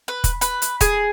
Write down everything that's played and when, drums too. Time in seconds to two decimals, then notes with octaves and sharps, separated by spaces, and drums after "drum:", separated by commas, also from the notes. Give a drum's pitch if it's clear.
0.08 B4
0.24 drum: kick, hi-hat
0.41 B4, drum: hi-hat
0.62 drum: hi-hat
0.81 G#4, drum: kick, hi-hat